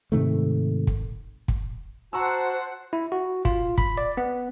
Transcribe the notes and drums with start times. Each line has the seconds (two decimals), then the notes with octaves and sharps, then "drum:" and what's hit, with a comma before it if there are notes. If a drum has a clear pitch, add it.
0.12 G#2 C3 D#3 A3
0.87 drum: kick
1.48 drum: kick
2.13 F#4 C5 F#5 A5 A#5 C#6 E6
2.93 E4
3.12 F#4
3.45 F4, drum: kick
3.78 B5, drum: kick
3.98 D5
4.17 B3